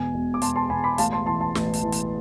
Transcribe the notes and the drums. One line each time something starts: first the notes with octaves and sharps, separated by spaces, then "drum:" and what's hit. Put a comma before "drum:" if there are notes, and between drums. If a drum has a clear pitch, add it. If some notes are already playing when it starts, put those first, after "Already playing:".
Already playing: E1 G#5
E1
D6
E1 A5 C6, drum: hi-hat
A5 C6
E1 G#5 B5
B5 D6
A1 F5 A5, drum: hi-hat
A5 C6
E3 A5 C6
A5 C6
A1, drum: snare
drum: hi-hat
E3
drum: hi-hat